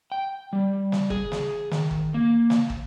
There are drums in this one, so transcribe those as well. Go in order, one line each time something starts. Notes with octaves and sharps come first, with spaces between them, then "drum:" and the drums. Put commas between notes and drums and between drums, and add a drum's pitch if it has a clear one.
G5
G3
drum: snare
G#4, drum: kick
drum: snare
D#3, drum: snare
drum: kick
A#3
drum: snare
drum: kick